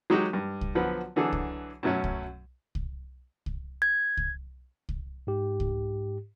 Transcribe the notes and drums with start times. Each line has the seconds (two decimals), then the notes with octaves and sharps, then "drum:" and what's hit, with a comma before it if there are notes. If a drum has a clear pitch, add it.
0.10 F#3 G#3 D#4 F#4 G4
0.33 G2
0.61 drum: kick C2
0.75 D3 F3 F#3 B3 B4
1.16 D3 E3 F#3 D4 G#4 A4
1.33 drum: kick C2
1.83 F#2 B2 F#3 A3 C#4
2.04 drum: kick C2
2.75 drum: kick C2
3.46 drum: kick C2
3.82 G#6
4.17 drum: kick C2
4.89 drum: kick C2
5.27 G#2 G4
5.60 drum: kick C2